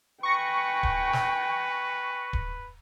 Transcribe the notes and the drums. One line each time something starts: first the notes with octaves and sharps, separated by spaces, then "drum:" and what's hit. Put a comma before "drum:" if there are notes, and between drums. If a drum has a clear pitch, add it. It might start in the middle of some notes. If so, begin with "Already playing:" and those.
B4 G5 G#5 C#6 A#6 C#7
drum: kick D1
drum: snare
drum: kick D1